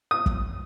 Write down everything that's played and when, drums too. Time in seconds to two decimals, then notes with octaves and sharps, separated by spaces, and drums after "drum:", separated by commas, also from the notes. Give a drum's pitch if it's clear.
0.11 D#6
0.26 drum: kick